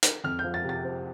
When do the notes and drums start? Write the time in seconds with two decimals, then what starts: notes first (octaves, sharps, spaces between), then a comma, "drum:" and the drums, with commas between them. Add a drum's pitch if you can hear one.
0.03 drum: hi-hat
0.24 F2 F6
0.39 G6
0.44 F3
0.54 A6
0.65 C3 A6
0.84 C4